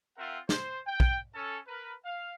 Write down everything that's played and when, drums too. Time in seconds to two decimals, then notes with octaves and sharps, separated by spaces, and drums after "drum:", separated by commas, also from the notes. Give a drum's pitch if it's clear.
0.18 C4 F4 A#4 E5 F#5
0.49 C5, drum: snare
0.87 G5
1.00 drum: kick
1.34 C#4 A4
1.67 A#4 B4
2.05 F5